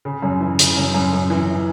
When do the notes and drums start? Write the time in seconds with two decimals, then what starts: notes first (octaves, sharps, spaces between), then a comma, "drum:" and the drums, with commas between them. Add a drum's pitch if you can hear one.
0.05 C#3
0.22 F#2
0.40 E3
0.59 C#3, drum: hi-hat
0.77 F#2
0.94 F#2
1.13 F#2
1.30 E3